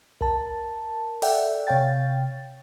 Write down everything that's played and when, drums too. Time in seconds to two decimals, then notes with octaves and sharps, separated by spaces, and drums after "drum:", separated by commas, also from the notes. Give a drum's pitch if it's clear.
0.21 A#4 A5, drum: kick
1.22 A4 D5 E5 F#5 G5, drum: open hi-hat
1.67 C3 C#5 F5 G5 A6